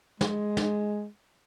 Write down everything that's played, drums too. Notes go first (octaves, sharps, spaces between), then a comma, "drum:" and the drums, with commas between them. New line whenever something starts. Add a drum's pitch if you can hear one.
G#3, drum: snare
drum: snare